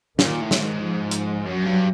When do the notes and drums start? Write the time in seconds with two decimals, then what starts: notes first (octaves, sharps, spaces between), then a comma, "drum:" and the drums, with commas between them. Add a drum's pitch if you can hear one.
0.19 A#2 D#3, drum: snare
0.41 A2
0.51 D#3, drum: snare
0.61 G#2
0.83 F3
1.11 drum: hi-hat
1.45 F#2 F#3
1.66 G2